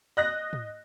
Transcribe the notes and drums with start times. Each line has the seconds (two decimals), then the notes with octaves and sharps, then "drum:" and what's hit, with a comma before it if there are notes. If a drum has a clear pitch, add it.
0.17 D#5 F#6 A#6
0.53 drum: tom